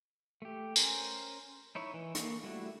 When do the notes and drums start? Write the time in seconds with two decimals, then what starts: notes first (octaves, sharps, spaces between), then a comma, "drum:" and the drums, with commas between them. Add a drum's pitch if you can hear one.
0.42 A3 G4
0.76 C#4 A#4 C5 G#5, drum: tambourine
1.75 D#4 E4 C#5
1.94 E3
2.15 A#3 C#6, drum: hi-hat
2.44 G3 A3 D4 E4 F#4